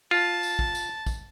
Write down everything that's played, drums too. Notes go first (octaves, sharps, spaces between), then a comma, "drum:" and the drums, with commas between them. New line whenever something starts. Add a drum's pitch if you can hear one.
F4 A5
drum: tambourine
drum: kick
drum: tambourine
drum: kick, tambourine